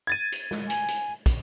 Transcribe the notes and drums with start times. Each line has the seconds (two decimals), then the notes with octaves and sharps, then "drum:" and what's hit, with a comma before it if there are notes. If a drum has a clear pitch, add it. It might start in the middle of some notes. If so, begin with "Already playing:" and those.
0.07 G#6 A6 D#7
0.32 drum: hi-hat
0.51 drum: snare
0.70 G#5, drum: hi-hat
0.88 drum: hi-hat
1.26 drum: kick, hi-hat